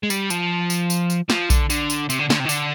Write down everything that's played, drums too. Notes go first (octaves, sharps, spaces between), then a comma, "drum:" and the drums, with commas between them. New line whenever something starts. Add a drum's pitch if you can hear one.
G#3
G3, drum: tambourine
F3, drum: tambourine
drum: tambourine
drum: tambourine
drum: tambourine
F3, drum: snare
D3, drum: kick A#1, tambourine
D3, drum: tambourine
drum: tambourine
C3, drum: tambourine
D3
D3, drum: snare
C3
D#3
D3, drum: tambourine